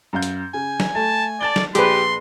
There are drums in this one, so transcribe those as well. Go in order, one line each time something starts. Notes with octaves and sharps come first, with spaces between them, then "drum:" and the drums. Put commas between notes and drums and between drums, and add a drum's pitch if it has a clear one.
F#2 F5 G6
drum: hi-hat
C#3 G#5
drum: snare
A3 A5
D5 A5 A6 G7
drum: snare
A#1 G4 G#4 B4 C6, drum: hi-hat